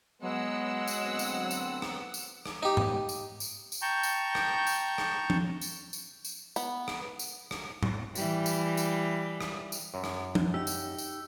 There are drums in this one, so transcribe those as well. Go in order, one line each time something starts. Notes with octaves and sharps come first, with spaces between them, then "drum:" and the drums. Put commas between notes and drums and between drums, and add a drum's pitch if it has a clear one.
F#3 G#3 B3 F#5 E6
drum: tambourine
D2 B3 C4
drum: tambourine
drum: tambourine
drum: rim click
drum: tambourine
drum: rim click
D#4 G4
drum: tom G#2
drum: tambourine
drum: tambourine
drum: tambourine
G5 A5 A#5 C#6 G6
drum: tambourine
drum: rim click
drum: tambourine
drum: rim click
drum: tom
drum: tambourine
drum: tambourine
drum: tambourine
B3, drum: tambourine
drum: rim click
drum: tambourine
drum: rim click
drum: tom A2
E3 G3, drum: tambourine
drum: tambourine
drum: tambourine
drum: rim click
drum: tambourine
F#2
drum: rim click
drum: tom
D#4 G4 E6
drum: tambourine
drum: tambourine